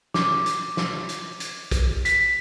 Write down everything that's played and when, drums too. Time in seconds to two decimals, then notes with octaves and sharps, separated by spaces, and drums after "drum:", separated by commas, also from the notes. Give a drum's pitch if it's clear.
0.14 D6, drum: snare
0.46 drum: hi-hat
0.77 drum: snare
1.09 drum: hi-hat
1.40 drum: hi-hat
1.71 drum: kick, hi-hat
2.05 B6, drum: hi-hat